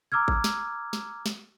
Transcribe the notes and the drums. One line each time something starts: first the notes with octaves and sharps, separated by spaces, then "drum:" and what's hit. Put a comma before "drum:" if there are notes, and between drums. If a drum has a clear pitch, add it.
A#5 D6 E6 F6 G#6
drum: kick G#1
drum: snare
drum: snare
drum: snare